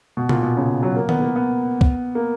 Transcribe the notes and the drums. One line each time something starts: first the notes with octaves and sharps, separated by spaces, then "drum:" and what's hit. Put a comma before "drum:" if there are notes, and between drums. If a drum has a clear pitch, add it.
B2
A#2, drum: tom C3
B2
C#3
F#3
A#3
B3, drum: tom D#3
A#3
B3
drum: kick
A#3